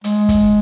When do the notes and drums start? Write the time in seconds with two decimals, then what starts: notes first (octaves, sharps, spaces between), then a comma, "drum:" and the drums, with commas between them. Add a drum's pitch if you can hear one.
0.04 G#3, drum: hi-hat
0.29 drum: kick, hi-hat